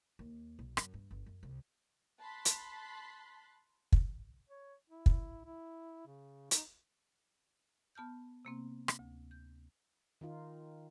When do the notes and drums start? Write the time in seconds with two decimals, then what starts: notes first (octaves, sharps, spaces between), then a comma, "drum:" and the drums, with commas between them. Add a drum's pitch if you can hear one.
0.19 D#2
0.59 B1
0.77 F#2, drum: rim click
0.94 G2
1.11 G1
1.26 F#2
1.43 C2
2.20 A5 B5 C6 F#6 A6 B6
2.45 drum: hi-hat
3.92 drum: kick
4.49 C#5
4.90 E4
5.06 drum: kick
5.45 E4
6.07 C#3
6.51 D#4, drum: hi-hat
7.95 B3 A5 F6 G6
8.45 C3 A#3 C4
8.88 drum: rim click
8.99 D2
9.31 G6
10.21 D#3 D#4 F4